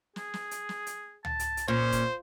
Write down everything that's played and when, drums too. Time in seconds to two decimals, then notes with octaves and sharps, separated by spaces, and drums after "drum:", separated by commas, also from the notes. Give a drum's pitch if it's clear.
0.16 G#4, drum: snare
0.34 drum: snare
0.51 drum: hi-hat
0.69 drum: snare
0.87 drum: hi-hat
1.25 A5, drum: tom C#2
1.39 drum: hi-hat
1.57 drum: hi-hat
1.68 A#2 C#4 C5
1.92 drum: kick E1, hi-hat